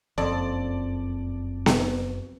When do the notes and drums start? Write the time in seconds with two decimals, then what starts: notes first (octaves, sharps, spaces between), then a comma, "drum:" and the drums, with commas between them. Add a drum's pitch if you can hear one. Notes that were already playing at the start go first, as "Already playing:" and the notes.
0.18 F#1 F2 D5 A5
1.66 drum: snare B3